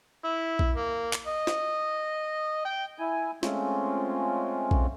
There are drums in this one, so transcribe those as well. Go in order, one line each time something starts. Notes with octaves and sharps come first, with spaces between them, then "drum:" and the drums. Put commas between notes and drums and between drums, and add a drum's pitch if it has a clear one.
E4
drum: kick A#1
A#3
drum: clap
D#5
drum: snare
G5
E4 G#5
G#3 A3 C4 C#4 F4, drum: snare
drum: kick A#1